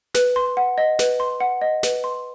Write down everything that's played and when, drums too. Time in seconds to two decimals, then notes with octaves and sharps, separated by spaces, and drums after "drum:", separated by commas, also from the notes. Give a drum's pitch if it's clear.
0.15 B4, drum: snare
0.36 C6
0.57 F#5
0.78 D#5
0.99 B4, drum: snare
1.20 C6
1.40 F#5
1.61 D#5
1.83 B4, drum: snare
2.04 C6